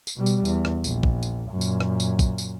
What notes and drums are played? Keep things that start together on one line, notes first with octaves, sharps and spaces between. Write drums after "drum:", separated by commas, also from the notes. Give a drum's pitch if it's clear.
drum: tambourine
B2 G3
drum: tambourine
E2, drum: tambourine
drum: rim click
A#1, drum: tambourine
drum: kick
drum: tambourine
F#2 A#2
drum: tambourine
drum: rim click
drum: tambourine
drum: kick, tambourine
drum: tambourine